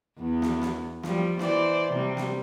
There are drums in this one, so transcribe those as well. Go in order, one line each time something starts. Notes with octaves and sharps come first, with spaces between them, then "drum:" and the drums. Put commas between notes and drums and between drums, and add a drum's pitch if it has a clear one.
E2 B3
drum: snare
drum: snare
F3 G3, drum: snare
E3 C5 D5, drum: snare
C3 G3 C4
drum: snare